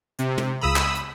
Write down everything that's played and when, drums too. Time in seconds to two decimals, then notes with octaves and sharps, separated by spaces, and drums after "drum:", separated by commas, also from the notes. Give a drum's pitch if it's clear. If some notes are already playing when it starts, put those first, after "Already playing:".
0.19 C3, drum: hi-hat
0.38 drum: tom
0.61 C#2 C#3 A#5 B5 D#6 E6
0.76 drum: clap
0.95 drum: hi-hat